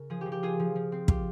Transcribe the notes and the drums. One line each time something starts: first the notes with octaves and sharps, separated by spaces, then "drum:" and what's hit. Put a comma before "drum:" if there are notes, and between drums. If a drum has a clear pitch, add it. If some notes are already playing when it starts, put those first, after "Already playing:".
Already playing: C#3 A#4
F3 G#4
F3 G4
G4
F4 G#4
F3
F3
C4
F4 G4, drum: kick